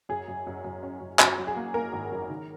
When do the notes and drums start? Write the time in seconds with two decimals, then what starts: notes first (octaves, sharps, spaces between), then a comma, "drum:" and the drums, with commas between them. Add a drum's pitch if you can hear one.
0.09 F#2 G#4
0.28 F#2
0.47 F#2
0.64 F#2
0.83 C#4
1.01 F#2
1.19 F#2 F#4, drum: clap
1.38 F#3
1.47 G#4
1.56 A#3
1.74 A#3 A#4
1.93 G#1
2.12 F#2
2.30 D#3